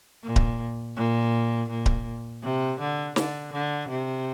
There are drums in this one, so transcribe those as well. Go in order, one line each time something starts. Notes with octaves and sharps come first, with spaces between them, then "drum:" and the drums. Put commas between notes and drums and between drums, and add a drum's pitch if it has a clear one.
A#2
drum: kick D1
A#2
A#2
drum: kick D1
C3
D3
D3, drum: snare
D3
C3